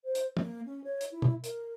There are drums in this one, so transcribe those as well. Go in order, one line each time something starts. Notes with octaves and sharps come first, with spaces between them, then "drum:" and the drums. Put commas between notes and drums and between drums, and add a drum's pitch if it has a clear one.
C5
drum: hi-hat
A#3, drum: tom
C#4
C#5
drum: hi-hat
E4
drum: tom
A#4, drum: hi-hat